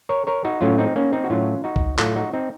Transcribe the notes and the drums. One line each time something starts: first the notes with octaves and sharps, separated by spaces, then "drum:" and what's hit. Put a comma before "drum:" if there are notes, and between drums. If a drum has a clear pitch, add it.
A#4 C#5
A#4 C#5
D#4 F#4
A2 F#3 A3 C#4 F4
C4 D#4
A#3 C#4
C4 D#4
F#4
A2 F#3 A3 C#4 F4
D#4 F#4
drum: kick C2
A2 F#3 A3 F4 A4, drum: clap
D#4 F#4
C4 D#4